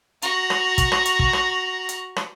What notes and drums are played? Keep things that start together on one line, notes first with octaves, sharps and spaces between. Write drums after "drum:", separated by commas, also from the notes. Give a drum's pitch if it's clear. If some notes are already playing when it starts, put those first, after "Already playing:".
F#4 A#5, drum: hi-hat
drum: rim click
drum: kick, hi-hat
drum: rim click
drum: hi-hat
drum: kick
drum: rim click
drum: hi-hat
drum: rim click